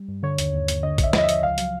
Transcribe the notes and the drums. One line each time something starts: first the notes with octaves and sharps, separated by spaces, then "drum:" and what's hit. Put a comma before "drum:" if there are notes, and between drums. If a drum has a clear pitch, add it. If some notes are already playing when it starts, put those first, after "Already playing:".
Already playing: G3
G2
D3 C#5
D#2, drum: hi-hat
D#2
D#2, drum: hi-hat
D3 D#5
D3, drum: kick, hi-hat
E5
F3 D#5, drum: snare
E5
F3, drum: hi-hat
C#2 F5
F#3, drum: hi-hat